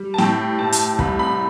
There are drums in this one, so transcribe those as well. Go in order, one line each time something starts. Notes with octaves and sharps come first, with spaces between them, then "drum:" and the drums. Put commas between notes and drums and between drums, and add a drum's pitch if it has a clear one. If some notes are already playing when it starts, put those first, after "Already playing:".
Already playing: G3
A5
A2 G5, drum: snare
A2 A5
drum: hi-hat
C2 B5, drum: kick
B5